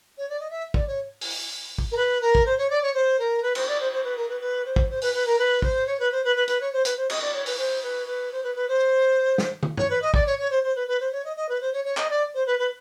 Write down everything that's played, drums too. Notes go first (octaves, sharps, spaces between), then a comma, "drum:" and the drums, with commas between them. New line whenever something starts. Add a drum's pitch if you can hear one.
C#5
D5
D#5
E5
D5, drum: kick
C#5
drum: open hi-hat
drum: kick
A#4
B4
A#4
drum: kick
C5
C#5
D5
C#5
C5
A#4
B4
C5, drum: cymbal
D5
C5
C5
B4
A#4
B4
B4
C5
drum: kick
C5
B4, drum: open hi-hat
B4
A#4
B4
C5, drum: kick
C#5
B4
C5
B4
B4
B4, drum: hi-hat
C#5
C5
B4, drum: hi-hat
C5
D#5, drum: cymbal
D5
C#5
B4, drum: open hi-hat
C5
B4
B4
C5
B4
B4
C5
drum: snare
drum: tom
C#5, drum: tom G2
B4
D#5
D5, drum: kick
C#5
C#5
C5
C5
B4
B4
C5
C#5
D#5
D#5
B4
C5
C#5
C#5
D#5, drum: clap
D5
C5
B4
B4